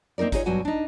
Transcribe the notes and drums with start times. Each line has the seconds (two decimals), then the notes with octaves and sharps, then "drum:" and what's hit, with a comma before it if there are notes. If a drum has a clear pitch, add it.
0.18 A#3 C4 D#4 A#4 D5
0.32 D#4 F4 G#4 A#4 C#5, drum: kick G#1, hi-hat
0.46 G2 B2 F#3 F#4 G#5
0.65 D4 D#4